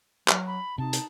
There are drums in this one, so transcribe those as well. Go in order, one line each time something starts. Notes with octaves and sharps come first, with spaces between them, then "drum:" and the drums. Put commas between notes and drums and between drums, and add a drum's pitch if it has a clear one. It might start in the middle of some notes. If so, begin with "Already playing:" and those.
F#3 F6, drum: clap
B5
C3 D#4 A5
drum: hi-hat